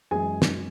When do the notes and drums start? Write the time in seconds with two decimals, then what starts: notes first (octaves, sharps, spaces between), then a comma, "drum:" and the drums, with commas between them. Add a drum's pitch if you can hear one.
0.11 F#2 E3 G#3 G#4 G#5
0.42 drum: snare